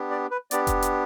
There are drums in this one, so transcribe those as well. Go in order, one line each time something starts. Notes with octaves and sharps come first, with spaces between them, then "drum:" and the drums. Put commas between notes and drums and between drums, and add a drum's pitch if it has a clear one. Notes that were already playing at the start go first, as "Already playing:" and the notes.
Already playing: B3 D4 G4
D5
B4
B3 D4 G4 D5, drum: hi-hat
drum: kick F1, hi-hat
drum: hi-hat